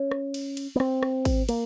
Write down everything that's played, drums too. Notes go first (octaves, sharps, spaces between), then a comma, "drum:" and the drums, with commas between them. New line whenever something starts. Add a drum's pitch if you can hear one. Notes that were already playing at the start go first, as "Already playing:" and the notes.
Already playing: C#4
drum: rim click
drum: cymbal
drum: cymbal
B3
C4, drum: rim click
drum: rim click
drum: kick, cymbal
A#3, drum: cymbal